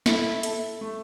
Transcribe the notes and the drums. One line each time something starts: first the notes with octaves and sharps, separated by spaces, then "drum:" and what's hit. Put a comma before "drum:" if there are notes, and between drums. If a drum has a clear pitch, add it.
E4 A4, drum: snare
A4, drum: hi-hat
A3